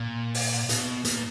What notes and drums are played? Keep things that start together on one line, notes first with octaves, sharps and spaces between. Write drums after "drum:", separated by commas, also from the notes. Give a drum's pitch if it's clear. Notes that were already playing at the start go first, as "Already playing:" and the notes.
Already playing: A#2
drum: open hi-hat
B2, drum: hi-hat
A#2, drum: hi-hat